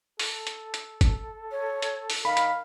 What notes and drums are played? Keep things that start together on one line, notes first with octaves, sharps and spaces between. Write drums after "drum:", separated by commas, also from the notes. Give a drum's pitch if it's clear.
A4, drum: open hi-hat
drum: hi-hat
drum: hi-hat
drum: kick G1, hi-hat
C#5
drum: hi-hat
drum: open hi-hat
D#3 F5 B5
drum: hi-hat